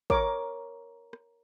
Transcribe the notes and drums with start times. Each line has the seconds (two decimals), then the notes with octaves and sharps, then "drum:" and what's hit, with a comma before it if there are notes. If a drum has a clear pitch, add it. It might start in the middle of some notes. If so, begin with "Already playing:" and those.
0.10 A#4 C#5 D6, drum: kick
1.13 drum: rim click